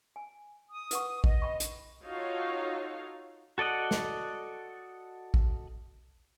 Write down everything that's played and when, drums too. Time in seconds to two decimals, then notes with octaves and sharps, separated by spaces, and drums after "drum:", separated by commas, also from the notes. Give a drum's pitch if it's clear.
0.16 G#5
0.69 D#6
0.91 B4 F#5 C#6, drum: hi-hat
1.24 D#5, drum: kick
1.42 G5 B5 C#6
1.60 drum: hi-hat
2.03 D#4 F4 F#4 A4 C#5 F5
3.58 F#4 A4 D5 D#5 F#5
3.91 drum: snare
5.34 drum: kick